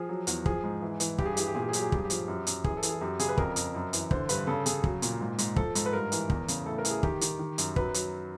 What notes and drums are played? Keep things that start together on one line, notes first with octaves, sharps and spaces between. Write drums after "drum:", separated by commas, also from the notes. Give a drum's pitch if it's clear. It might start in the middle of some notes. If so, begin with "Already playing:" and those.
Already playing: F3 G#4
F#3
E2, drum: hi-hat
F3 G#4, drum: kick
G#2
E3
E3, drum: hi-hat
G2 G4, drum: kick
G#4
G4
E3 G#4, drum: hi-hat
G4
A#2 G#4
G4
G#4
F#3 G4, drum: hi-hat
G#4
G4
G2, drum: kick
G#4
G4
F3, drum: hi-hat
F#2
F#2, drum: hi-hat
E3 G#4, drum: kick
A4
E3, drum: hi-hat
G#4
F#2 G4
C#3 G#4, drum: hi-hat
B4
F2 A#4, drum: kick
F2, drum: hi-hat
F#2
E3, drum: hi-hat
D3 C5, drum: kick
G2 B4, drum: hi-hat
C#3 A4
C#3 G#4, drum: hi-hat
F#3, drum: kick
A#2, drum: hi-hat
G#2
G#2, drum: hi-hat
F3 A4, drum: kick
G#2, drum: hi-hat
B4
G2 A#4
E3, drum: hi-hat
E2, drum: kick
C#3, drum: hi-hat
A2 A4
A#4
E3, drum: hi-hat
G#4
D#3 G4, drum: kick
D#3, drum: hi-hat
D#3
F#2, drum: hi-hat
F#3 B4, drum: kick
F#3, drum: hi-hat